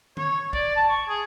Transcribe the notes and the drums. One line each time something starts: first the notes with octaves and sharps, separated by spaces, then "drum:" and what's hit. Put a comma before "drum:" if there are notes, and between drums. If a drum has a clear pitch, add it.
C#5, drum: tom D3
D5, drum: kick
A5
C#6
G#4